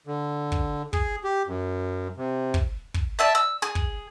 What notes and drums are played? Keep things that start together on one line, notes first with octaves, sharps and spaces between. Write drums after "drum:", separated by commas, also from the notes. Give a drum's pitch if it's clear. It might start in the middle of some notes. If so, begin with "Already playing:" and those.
D3
drum: kick
G#4, drum: kick
G4
F#2
C3
drum: kick
drum: kick
D5 E5 A5
E6
G#4
drum: kick